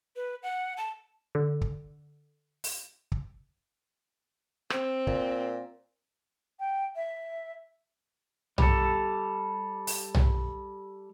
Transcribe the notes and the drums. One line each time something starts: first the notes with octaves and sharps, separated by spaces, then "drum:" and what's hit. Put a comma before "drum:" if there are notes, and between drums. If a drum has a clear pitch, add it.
B4
F#5
A5
D3
drum: kick
drum: open hi-hat
drum: kick
C4, drum: rim click
A#2, drum: kick
G5
E5
G3 A4, drum: tom B1
drum: open hi-hat
drum: tom B1